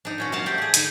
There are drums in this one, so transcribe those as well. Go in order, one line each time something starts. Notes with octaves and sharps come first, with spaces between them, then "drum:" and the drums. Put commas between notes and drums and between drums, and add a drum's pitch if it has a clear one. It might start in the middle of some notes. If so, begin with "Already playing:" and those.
D4 D#4
A#2 C#4 F#4
F#3 A#3 F5 F#5 A5
A3 G4 C5 D5
G4 G#4
D3 D#4, drum: hi-hat